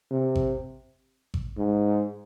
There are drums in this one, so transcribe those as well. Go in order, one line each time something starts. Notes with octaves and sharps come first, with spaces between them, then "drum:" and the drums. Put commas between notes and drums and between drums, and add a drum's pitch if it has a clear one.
C3
drum: kick G#1
drum: kick G#1
G#2